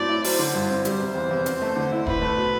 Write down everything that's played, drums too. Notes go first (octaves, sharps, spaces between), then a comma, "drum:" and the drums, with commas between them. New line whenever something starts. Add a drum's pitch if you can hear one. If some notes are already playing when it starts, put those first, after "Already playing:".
Already playing: A2 F#3 C4 D5
E4
F#3 C5, drum: open hi-hat
D3
G2
C4
G3 C5, drum: hi-hat
C3
E2
E2
C4, drum: hi-hat
A3
D3
E4
E4 B4, drum: kick E1
A3
B2